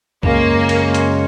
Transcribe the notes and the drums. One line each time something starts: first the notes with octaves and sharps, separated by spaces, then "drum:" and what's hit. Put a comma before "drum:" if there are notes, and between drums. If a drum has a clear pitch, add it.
F#2 C#3 G#3 A#3 C#4, drum: kick C2
drum: cymbal
drum: hi-hat